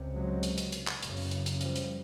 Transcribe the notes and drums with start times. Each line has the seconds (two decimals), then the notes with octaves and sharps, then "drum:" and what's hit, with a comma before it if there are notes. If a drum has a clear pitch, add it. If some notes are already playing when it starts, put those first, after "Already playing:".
Already playing: C#2 C3
0.14 F#3 G#3
0.43 drum: hi-hat
0.58 drum: hi-hat
0.72 drum: hi-hat
0.87 drum: clap
1.02 F#1 F#2 C#3, drum: hi-hat
1.17 drum: open hi-hat
1.31 drum: hi-hat
1.46 drum: hi-hat
1.61 F3 G3, drum: hi-hat
1.76 drum: hi-hat